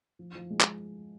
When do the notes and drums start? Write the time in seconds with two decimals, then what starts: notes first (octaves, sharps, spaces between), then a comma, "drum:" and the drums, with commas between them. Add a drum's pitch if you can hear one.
0.19 F3
0.35 F3
0.50 G#3
0.60 drum: clap